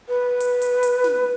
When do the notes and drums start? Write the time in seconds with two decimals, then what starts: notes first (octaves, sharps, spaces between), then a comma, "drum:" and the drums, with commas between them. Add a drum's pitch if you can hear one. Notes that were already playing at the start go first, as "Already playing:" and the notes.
0.09 B4
0.40 drum: hi-hat
0.62 drum: hi-hat
0.83 drum: hi-hat
1.04 drum: snare